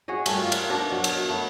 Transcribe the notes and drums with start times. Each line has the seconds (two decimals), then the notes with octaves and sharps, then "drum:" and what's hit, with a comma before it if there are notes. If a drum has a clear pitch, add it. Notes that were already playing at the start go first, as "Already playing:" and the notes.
0.08 F#4 G#4 C#5 D#5
0.26 G3 A3, drum: cymbal
0.42 A#3 F4
0.52 drum: cymbal
0.70 B2 D4 D#4
0.92 F#3
1.04 drum: cymbal
1.29 A3 B3